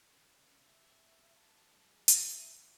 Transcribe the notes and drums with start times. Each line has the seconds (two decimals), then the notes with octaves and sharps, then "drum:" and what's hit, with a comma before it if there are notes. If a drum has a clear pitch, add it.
0.12 C#3
0.68 E5
1.37 D#3 A5
1.72 F#2 G#3
2.08 E5, drum: hi-hat